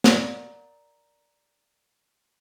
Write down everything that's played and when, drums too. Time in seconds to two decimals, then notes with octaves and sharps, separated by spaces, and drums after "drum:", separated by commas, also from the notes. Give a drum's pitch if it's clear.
0.04 A#4 D5, drum: snare